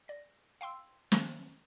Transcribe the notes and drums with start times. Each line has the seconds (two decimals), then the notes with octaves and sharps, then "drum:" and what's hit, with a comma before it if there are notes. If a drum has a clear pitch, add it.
0.08 D5 A#6
0.61 F5 G5 C6 E6
1.12 D#3 F3 A#3 B3 C#4, drum: snare